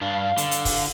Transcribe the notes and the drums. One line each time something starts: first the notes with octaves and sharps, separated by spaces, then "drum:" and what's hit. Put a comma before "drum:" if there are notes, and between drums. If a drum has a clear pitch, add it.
G2 D4 F5
D3, drum: hi-hat
drum: hi-hat
drum: kick, open hi-hat